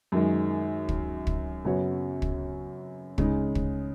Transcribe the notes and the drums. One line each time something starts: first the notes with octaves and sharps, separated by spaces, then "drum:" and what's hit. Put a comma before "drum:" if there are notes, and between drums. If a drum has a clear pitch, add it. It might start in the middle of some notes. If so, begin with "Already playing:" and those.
F#2 D#3 G#3
drum: kick
drum: kick
F#2 C#3 B3 F#4 C#5
drum: kick
C#3 G#3 D#4, drum: kick
drum: kick